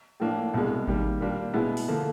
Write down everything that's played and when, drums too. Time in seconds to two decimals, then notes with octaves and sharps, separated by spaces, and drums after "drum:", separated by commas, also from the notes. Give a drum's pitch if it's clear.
0.20 A2 F3 A#3 D4
0.54 C2 B2 G#3
0.88 D#3 G3 A#3, drum: kick G#1
1.21 A#2 G3 A#3 D4 G4
1.54 B2 G#3 B3 E4
1.77 drum: open hi-hat
1.88 D3 F3 A#3